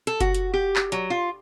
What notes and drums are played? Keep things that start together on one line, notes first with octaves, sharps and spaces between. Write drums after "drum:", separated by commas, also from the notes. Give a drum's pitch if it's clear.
A4, drum: hi-hat
F#4, drum: kick F#1, hi-hat
drum: hi-hat
G4
drum: clap
F#3, drum: hi-hat
F4